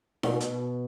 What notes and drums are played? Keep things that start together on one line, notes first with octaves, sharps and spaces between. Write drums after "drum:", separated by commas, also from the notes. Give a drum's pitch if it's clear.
B2, drum: snare D#4
drum: hi-hat